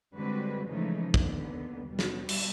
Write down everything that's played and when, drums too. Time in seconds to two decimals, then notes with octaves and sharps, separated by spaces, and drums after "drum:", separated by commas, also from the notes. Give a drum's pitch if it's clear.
0.15 D3 G3 G#3 C4 F#4 B4
0.68 C#3 E3 F3 G#3 A3 D#4
1.14 D#2 D3 B3, drum: kick
1.89 B2 G3
1.99 drum: snare
2.29 drum: cymbal